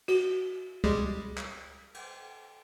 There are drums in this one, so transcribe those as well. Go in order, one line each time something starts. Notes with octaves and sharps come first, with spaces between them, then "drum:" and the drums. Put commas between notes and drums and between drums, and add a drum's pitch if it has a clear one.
F#4, drum: cymbal
G3 G#3, drum: kick C#2
drum: clap
drum: cymbal